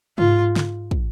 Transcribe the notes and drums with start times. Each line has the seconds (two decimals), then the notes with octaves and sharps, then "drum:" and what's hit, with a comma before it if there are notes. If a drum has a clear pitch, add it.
0.18 G#2 F4, drum: tom C3
0.56 drum: snare
0.91 drum: kick